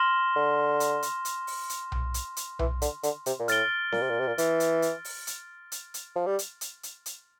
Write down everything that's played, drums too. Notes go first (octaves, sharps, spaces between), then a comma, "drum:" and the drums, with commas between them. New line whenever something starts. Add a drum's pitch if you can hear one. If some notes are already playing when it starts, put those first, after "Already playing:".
Already playing: C6 F6 A#6 E7 G7
D3
drum: hi-hat
drum: hi-hat
drum: hi-hat
drum: open hi-hat
drum: hi-hat
drum: tom B1
drum: hi-hat
drum: hi-hat
E3, drum: tom B1
D3, drum: hi-hat
D3, drum: hi-hat
C3, drum: hi-hat
A#2
A2 F6 A6 D7 G7, drum: hi-hat
A#2, drum: snare C4
C3
A#2
C3
A#2
E3, drum: hi-hat
drum: hi-hat
drum: hi-hat
drum: open hi-hat
drum: hi-hat
drum: hi-hat
drum: hi-hat
F3
G3
drum: hi-hat
drum: hi-hat
drum: hi-hat
drum: hi-hat